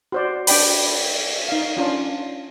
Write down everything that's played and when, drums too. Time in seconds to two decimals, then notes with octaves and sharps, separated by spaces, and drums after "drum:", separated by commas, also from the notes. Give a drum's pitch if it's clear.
0.12 F#4 C5 D5
0.47 D4 D5 G5 B5, drum: open hi-hat
1.49 D#4 F5
1.77 C#4 D4 F4